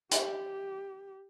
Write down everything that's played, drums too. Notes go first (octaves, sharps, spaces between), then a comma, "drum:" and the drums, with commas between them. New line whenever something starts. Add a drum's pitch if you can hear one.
G4, drum: hi-hat